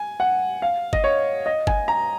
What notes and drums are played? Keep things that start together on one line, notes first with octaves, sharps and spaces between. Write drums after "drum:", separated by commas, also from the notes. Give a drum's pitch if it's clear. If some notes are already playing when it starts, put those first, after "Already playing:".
Already playing: G#5
F#5
F5
D#5, drum: kick G1
C#5
D#5
G#5, drum: kick G1
A#5